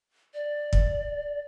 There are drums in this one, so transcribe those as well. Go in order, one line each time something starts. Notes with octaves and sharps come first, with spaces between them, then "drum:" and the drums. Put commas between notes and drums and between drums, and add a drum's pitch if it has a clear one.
D5
drum: kick